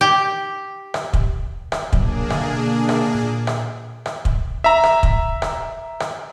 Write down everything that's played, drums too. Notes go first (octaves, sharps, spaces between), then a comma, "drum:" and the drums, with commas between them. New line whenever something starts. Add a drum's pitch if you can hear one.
G4
drum: rim click
drum: kick
drum: rim click
B2 F#3 A#3 D4 G#4, drum: kick
B2 D3, drum: rim click
drum: rim click
A#2
drum: rim click
drum: rim click
drum: kick
E5 A#5
drum: rim click
drum: kick
drum: rim click
drum: rim click